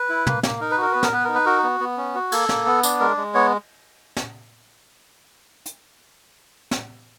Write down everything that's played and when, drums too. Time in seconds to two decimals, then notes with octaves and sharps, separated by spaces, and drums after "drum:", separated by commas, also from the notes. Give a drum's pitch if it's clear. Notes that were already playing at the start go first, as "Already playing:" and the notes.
Already playing: B4
0.09 E4
0.27 A#3, drum: tom
0.43 A#3, drum: snare
0.60 D#4 A#4
0.71 B4
0.78 F#4 A#4
0.92 B3 B4
1.03 A#4, drum: snare
1.12 B3 B4
1.24 D#4 A#4
1.35 B4
1.46 F#4 A#4
1.63 B3
1.80 B3
1.97 C#4
2.15 F#4
2.32 A#3 A4, drum: cymbal
2.49 A#3, drum: snare
2.66 B3
2.83 D4, drum: tambourine
3.00 G#3 A#4
3.17 G#3
3.34 B3 C#5
4.17 drum: snare
5.66 drum: hi-hat
6.71 drum: snare